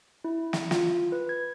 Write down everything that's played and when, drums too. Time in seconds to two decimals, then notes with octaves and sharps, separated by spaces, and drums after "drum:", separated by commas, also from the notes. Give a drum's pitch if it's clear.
0.24 E4
0.53 drum: snare
0.71 F4, drum: snare
1.12 B4
1.29 G#6